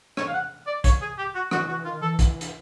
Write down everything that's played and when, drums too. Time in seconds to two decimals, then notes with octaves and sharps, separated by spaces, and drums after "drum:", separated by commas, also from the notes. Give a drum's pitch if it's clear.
0.17 C#5, drum: rim click
0.28 F5
0.33 F#5
0.67 D5
0.84 C#5, drum: kick, hi-hat
1.01 G#4
1.18 G4
1.35 F#4
1.51 E3 F#4, drum: rim click
1.68 E3 F#4
1.85 D#3 F4
2.01 E3 A4
2.19 E3, drum: kick, hi-hat
2.41 drum: hi-hat